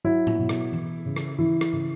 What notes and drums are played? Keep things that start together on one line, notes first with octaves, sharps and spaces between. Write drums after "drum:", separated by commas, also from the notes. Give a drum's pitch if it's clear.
F#3 E4
drum: tom
B2
drum: rim click
E3
C#3
drum: rim click
E3 E4
drum: rim click
C#3